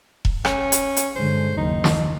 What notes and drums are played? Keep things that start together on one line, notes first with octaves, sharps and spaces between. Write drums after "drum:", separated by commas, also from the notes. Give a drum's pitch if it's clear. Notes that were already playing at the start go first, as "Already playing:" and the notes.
drum: kick E1
C#4, drum: rim click
drum: hi-hat
drum: hi-hat
G2 D3 G#3 C5
F#1 D#2 D#3 D#4
drum: snare